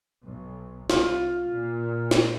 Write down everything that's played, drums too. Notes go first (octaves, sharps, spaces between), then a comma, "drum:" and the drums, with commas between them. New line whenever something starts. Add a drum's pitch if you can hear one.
B1
C2 F4, drum: snare
A#2
drum: snare